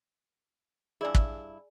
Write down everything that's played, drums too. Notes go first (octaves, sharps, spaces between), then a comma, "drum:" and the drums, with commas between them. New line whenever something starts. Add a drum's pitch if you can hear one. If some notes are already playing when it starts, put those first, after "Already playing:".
G2 E4 G#4 D5 G#5
drum: kick